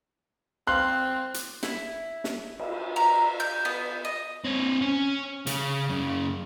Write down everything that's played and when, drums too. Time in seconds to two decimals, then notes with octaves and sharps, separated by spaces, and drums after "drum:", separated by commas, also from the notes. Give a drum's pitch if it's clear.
0.67 C4 F5 C6 F#6
1.34 drum: hi-hat
1.63 E4, drum: snare
2.24 drum: snare
2.59 drum: cymbal
2.96 A#5
3.40 G6
3.65 B3
4.05 D#5
4.44 C4 C#5
4.81 C#4
5.47 C#3, drum: hi-hat
5.90 F#2 C#3